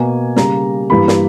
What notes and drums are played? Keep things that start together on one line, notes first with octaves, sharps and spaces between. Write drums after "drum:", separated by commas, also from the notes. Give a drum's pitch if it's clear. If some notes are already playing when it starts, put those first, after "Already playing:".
Already playing: B2 A#3 G#5
C#3 G3 A#3 A#5, drum: snare
G2 E3 G3 A#3 B5
drum: snare